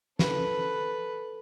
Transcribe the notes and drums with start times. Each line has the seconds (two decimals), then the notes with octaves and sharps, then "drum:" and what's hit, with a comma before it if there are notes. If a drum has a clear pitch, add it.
0.19 A4 B4, drum: snare